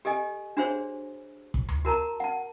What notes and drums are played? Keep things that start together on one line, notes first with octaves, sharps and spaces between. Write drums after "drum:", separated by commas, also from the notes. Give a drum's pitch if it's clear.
G4 A4 D#5 G#5
D4 F#4 G#4 C5 C#5
drum: kick
drum: tom D2
F#4 A#4 A5 A#5
F#5 A5